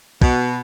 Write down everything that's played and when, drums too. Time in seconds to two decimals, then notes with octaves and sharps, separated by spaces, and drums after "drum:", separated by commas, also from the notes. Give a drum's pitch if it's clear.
0.21 B2, drum: kick